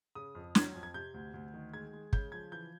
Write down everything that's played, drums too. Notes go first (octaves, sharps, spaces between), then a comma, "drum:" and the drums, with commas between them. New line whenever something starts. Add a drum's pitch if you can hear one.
C#3 D#6
F2
F#3 G#6, drum: snare
F2
G#6
C3 G6
D2
D2
D#3
G#3 G#6
G#3
C#3 G6, drum: kick
F3 G#6
E3 G6